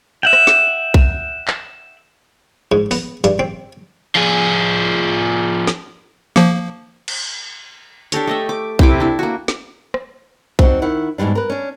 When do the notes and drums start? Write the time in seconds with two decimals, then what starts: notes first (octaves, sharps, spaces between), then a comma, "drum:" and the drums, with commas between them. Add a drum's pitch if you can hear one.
0.23 E5 F#5 G5
0.33 drum: rim click
0.47 drum: snare
0.94 drum: kick B1
1.48 drum: clap
2.72 G#2
2.91 B3, drum: open hi-hat
3.24 G2, drum: hi-hat
3.39 C4
4.15 F3 G#4
5.67 drum: snare
6.36 F3 A#3, drum: snare
7.08 drum: cymbal
8.12 D4 G4 A4 C#5, drum: hi-hat
8.27 A3 D#5 E5
8.49 D6
8.79 C3 E4 D6, drum: kick B1
9.00 D4 E4
9.19 A#3 F#4
9.48 drum: snare
9.94 drum: rim click
10.59 C4 D4 D#4 F#4, drum: kick B1
10.82 D#3 E4 F#5
11.18 E2 G#2 B2 G3 D4
11.35 A#4 B4
11.50 C#4 D4